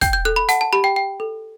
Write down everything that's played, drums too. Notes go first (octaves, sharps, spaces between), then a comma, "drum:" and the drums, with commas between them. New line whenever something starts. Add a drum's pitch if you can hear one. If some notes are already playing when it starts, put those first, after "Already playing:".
G5 G6, drum: kick, hi-hat
G6
A4 F#6
B5
F#5 A5, drum: hi-hat
A5
G4 B5
G5
G5
A4